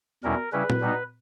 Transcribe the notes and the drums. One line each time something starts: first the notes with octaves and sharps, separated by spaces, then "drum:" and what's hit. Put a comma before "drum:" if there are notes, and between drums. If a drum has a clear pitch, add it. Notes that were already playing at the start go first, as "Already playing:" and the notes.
E2 B2 G3 C#4 E4 A#4
C#3 G3 C#4 E4 B4
drum: tom A#2
B2 G3 B3 D#4